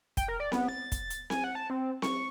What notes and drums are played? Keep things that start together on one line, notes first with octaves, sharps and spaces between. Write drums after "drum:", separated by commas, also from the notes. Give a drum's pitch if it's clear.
G5, drum: kick, hi-hat
A#4
D5
B3, drum: snare C4
A6
drum: kick, hi-hat
drum: hi-hat
G#5, drum: snare C4
F#5
A5
C4
C#6, drum: snare C4